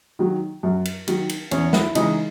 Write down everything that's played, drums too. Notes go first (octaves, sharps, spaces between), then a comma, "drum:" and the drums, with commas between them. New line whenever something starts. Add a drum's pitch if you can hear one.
D#3 F#3
F#2
drum: cymbal
D#3 F#3, drum: cymbal
drum: cymbal
E2 C#4 C#5, drum: cymbal
E4 E5, drum: snare
C#3 E3 G#3 D#4 D#5, drum: cymbal